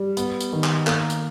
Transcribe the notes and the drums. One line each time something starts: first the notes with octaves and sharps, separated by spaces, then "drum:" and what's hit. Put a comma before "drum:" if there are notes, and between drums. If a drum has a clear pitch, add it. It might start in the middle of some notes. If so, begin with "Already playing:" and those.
Already playing: G3
B3, drum: hi-hat
drum: hi-hat
D#3
drum: clap
A#3, drum: clap
drum: hi-hat